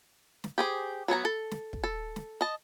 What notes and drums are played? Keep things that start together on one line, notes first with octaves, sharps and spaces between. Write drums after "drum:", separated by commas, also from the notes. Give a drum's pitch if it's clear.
drum: snare
G4 G#4 C5
F#3 B3 C#5 A#5
A4
drum: snare
drum: kick
A4
drum: snare
D#5 A5